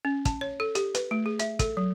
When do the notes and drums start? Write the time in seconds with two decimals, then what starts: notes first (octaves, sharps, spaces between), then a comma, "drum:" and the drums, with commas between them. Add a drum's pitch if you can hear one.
0.05 C#4
0.25 A5, drum: kick, hi-hat
0.41 C#5
0.60 A4
0.75 G4, drum: hi-hat
0.95 B4, drum: hi-hat
1.11 A3
1.26 G#4
1.39 E5, drum: hi-hat
1.59 A4, drum: kick, hi-hat
1.77 F#3